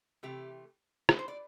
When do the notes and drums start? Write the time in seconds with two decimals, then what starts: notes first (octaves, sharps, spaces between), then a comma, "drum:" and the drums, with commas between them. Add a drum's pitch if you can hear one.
0.23 C3 E3 A3 G4
1.09 B4, drum: rim click
1.19 C5
1.28 D5